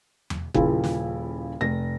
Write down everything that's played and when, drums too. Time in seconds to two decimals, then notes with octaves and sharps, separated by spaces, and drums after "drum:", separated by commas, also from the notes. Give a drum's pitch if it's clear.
0.30 drum: tom E2
0.54 D#1 C#3 F3 E4, drum: kick F#1
0.84 drum: snare
1.61 F1 A#6